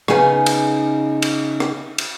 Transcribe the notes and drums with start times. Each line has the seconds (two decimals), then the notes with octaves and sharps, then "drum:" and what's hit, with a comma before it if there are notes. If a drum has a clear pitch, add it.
0.08 C#3 B3 D#4 G#4 F5 G#5, drum: rim click
0.46 drum: cymbal
1.22 drum: cymbal
1.60 drum: rim click
1.98 drum: cymbal